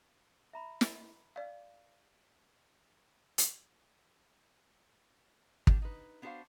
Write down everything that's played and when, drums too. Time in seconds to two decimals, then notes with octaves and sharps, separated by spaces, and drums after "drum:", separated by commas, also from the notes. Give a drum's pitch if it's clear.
0.53 E5 A#5 B5
0.81 drum: snare
1.36 D5 F5
3.38 drum: hi-hat
5.67 G3 B3 D4, drum: kick
5.82 D#4 B4
6.22 B3 D4 F#4 A#4 C5 F5